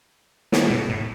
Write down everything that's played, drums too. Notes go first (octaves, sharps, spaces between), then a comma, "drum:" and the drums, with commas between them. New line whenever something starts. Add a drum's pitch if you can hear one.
D#3, drum: snare
B2
A2